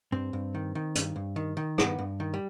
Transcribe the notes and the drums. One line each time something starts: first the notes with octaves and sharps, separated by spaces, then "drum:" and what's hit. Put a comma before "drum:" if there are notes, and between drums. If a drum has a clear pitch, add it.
G2 C4
G2
D#3
D#3
G2, drum: hi-hat
G2
D#3
D#3
G2 B3, drum: rim click
G2
D#3
G3